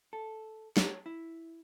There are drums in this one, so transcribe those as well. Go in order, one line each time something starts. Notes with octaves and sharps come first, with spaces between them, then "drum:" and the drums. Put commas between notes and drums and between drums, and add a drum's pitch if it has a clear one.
A4
C#5, drum: snare
E4